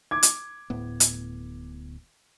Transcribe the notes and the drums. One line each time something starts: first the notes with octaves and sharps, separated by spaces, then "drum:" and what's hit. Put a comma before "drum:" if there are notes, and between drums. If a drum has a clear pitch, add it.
D6 G#6
drum: hi-hat
D1 A2 B3
drum: hi-hat